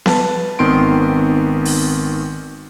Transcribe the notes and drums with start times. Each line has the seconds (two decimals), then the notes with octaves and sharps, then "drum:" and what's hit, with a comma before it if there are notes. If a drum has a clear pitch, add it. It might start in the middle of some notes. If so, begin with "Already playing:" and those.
0.06 B4 A5, drum: snare B3
0.59 G#1 D#3 B3 C4 C6 D7
1.65 drum: open hi-hat